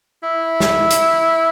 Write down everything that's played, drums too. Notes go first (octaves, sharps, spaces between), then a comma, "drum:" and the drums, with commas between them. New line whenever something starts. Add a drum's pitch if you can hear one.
E4
drum: snare
drum: hi-hat